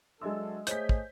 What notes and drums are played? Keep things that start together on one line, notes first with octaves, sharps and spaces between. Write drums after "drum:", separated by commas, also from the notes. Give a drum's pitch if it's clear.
F#3 G#3 D4 A4 D#5 E5 C6 E6
A3 G#4 C5 C#5 D#5 G6 B6, drum: hi-hat
drum: kick